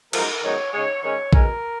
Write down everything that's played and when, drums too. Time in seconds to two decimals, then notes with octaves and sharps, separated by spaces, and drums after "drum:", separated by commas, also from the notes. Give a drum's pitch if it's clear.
0.13 F#2 F3 G#3 D#4 A#4, drum: cymbal
0.43 F#2 D#3 G#3 B3 D#4 C#5
0.73 C#3 G#3 D#4 C#5
1.03 G#2 D#3 G#3 C#4 C#5
1.33 B2 G#3 C#4 A#4, drum: kick A#1